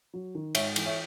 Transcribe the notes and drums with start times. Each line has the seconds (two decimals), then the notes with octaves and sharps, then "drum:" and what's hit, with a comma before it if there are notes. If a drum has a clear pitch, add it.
0.14 F#3
0.35 D#3
0.55 G#2 C#5 E5, drum: cymbal
0.76 E3, drum: cymbal
0.86 C#5 E5